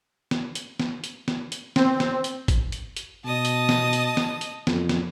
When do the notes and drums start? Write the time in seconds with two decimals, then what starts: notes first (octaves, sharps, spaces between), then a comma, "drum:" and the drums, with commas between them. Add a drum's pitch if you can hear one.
0.31 drum: snare
0.55 drum: hi-hat
0.80 drum: snare
1.04 drum: hi-hat
1.28 drum: snare
1.52 drum: hi-hat
1.76 C4, drum: snare
2.00 drum: snare
2.24 drum: hi-hat
2.48 drum: kick G#1, hi-hat
2.72 drum: hi-hat
2.97 drum: hi-hat
3.25 B2 D#5 A5 D#6
3.45 drum: hi-hat
3.69 drum: snare
3.93 drum: hi-hat
4.17 drum: snare
4.41 drum: hi-hat
4.67 F2, drum: snare
4.89 drum: snare